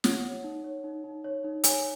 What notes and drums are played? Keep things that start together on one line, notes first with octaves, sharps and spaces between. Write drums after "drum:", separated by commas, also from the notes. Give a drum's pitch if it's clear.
C#5 F#5, drum: snare
C#5
D#4
C#5
D#4
D#4
C#5
D#4
C#5 G#5, drum: hi-hat